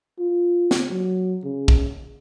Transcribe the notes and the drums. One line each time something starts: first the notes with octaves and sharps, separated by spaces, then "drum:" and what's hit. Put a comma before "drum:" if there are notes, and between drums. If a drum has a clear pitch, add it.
F4
drum: snare
F#3
C#3
drum: kick A#1